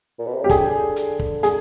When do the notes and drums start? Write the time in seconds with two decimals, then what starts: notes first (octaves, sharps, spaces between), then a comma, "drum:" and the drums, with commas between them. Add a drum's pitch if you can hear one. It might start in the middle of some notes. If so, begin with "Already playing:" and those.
0.19 A#2
0.26 B2
0.34 C3
0.42 C#3 G4
0.49 D3 G#4, drum: kick, hi-hat
0.96 drum: hi-hat
1.19 drum: kick
1.43 G#4, drum: hi-hat